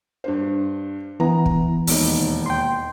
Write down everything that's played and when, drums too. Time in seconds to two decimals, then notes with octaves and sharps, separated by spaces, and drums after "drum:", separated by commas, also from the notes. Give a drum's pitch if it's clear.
0.24 G2 D4 C5
1.20 E3 B3 A#5
1.46 drum: kick
1.87 E1 D#2 D#4, drum: open hi-hat
2.46 G5 C6